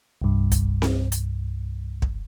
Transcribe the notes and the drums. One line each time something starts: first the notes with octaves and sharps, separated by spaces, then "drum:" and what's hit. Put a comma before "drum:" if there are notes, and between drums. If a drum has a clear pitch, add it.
C2 G2
drum: kick, hi-hat
drum: snare C4
drum: hi-hat
drum: kick